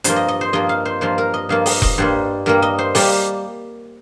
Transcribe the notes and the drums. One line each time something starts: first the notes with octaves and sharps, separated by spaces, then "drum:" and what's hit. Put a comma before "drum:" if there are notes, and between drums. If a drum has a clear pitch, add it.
G2 F3 A#3 C5, drum: hi-hat
D#5
D#5
C5
G2 F3 A#3 D#5
F5
C5
G2 F3 A#3 C5
A#4
D#5
G2 F3 A#3 F5
D#5, drum: open hi-hat
D#5, drum: kick E1
G2 G3 A#3 C5
G2 G3 A#3 A#4
D#5
C5
G3 A#3 G4, drum: open hi-hat